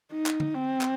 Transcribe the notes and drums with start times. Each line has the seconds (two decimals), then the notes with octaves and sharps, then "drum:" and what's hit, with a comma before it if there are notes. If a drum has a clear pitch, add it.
0.12 D#4
0.26 drum: clap
0.40 drum: tom D3
0.54 C4
0.81 drum: clap